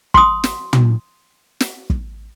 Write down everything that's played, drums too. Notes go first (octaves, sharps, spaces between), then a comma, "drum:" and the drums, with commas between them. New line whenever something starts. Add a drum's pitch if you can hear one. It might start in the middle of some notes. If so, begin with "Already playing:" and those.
C6 D#6, drum: kick
drum: snare
drum: tom
drum: snare
drum: kick